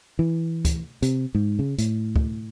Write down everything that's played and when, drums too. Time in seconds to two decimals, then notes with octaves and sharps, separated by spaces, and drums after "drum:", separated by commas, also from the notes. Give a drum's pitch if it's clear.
0.19 E3
0.65 drum: kick C#2, hi-hat
1.02 C3, drum: hi-hat
1.35 G#2
1.59 C#3
1.78 A2, drum: hi-hat
2.16 drum: kick C#2